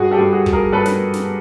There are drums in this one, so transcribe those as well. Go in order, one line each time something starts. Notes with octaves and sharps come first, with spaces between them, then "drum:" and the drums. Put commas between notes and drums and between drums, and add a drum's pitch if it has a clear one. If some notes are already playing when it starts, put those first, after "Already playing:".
Already playing: G2 F#4 G#4
G4 A4
G2
F#4 G#4
F3, drum: kick
G#4 A#4
G2 A4 B4
B4, drum: snare
drum: snare